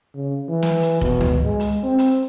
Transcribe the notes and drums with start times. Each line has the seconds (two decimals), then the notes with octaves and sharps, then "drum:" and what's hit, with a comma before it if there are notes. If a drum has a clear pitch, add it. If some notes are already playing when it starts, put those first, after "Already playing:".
0.15 C#3
0.48 E3
0.63 drum: snare
0.82 drum: hi-hat
1.01 B2, drum: kick F1
1.21 drum: tom C#2
1.44 G#3
1.60 drum: hi-hat
1.83 C4
1.98 drum: hi-hat